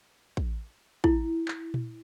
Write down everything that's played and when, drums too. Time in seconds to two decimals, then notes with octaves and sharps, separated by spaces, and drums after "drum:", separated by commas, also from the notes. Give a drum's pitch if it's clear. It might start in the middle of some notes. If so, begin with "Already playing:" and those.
0.37 drum: kick
1.04 E4, drum: kick
1.48 drum: clap
1.74 drum: tom A#2